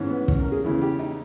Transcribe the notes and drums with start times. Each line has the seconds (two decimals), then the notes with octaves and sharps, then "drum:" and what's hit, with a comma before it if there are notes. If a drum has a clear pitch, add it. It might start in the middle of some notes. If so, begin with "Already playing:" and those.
Already playing: G#2 E3 C#4
0.09 B3
0.28 C#4, drum: kick
0.39 A#4
0.52 G#4
0.64 E2 C#3 E3 E4
0.81 G4
0.99 D#4